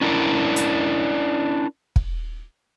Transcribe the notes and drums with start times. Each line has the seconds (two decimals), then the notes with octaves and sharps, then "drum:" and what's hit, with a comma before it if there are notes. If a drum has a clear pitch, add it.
0.01 C#4 D4 E4 A#4 D5
0.56 drum: hi-hat
1.96 drum: kick